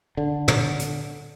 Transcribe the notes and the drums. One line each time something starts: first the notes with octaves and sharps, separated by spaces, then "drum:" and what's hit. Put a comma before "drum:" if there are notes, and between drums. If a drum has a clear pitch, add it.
D3
drum: tom
drum: hi-hat